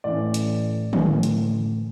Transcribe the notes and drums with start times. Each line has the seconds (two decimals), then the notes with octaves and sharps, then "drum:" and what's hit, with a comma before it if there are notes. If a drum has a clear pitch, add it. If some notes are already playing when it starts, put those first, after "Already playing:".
0.04 A2 E3 A3 C#4 D5
0.34 drum: hi-hat
0.93 A2 E3 A3 C#4, drum: tom D3
1.23 drum: hi-hat